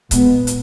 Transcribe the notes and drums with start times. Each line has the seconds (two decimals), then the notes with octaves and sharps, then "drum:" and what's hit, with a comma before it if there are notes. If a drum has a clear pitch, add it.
0.11 A#2 G#3 B3, drum: kick C#1, hi-hat
0.47 drum: hi-hat